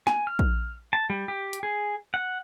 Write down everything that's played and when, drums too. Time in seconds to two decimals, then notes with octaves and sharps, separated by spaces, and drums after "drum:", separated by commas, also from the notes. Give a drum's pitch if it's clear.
0.07 G#5, drum: snare
0.27 F6
0.39 drum: kick
0.93 A5
1.10 G3
1.28 G4
1.53 drum: hi-hat
1.63 G#4
2.14 F#5